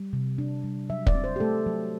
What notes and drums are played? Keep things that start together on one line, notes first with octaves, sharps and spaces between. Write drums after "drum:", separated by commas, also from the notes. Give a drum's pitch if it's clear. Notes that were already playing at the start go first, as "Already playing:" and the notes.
Already playing: G3
C3
D4
G3
F#3 E5
D5, drum: kick
C4
C5
G4
A3 A4
F#3